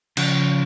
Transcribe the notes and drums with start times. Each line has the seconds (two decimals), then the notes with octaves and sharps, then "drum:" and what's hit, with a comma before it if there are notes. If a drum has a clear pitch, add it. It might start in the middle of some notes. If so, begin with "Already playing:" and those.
0.17 C#3 F3, drum: cymbal